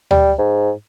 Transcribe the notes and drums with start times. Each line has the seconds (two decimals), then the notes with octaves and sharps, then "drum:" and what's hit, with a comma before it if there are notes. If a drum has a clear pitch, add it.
0.11 G3, drum: tom D2
0.38 G#2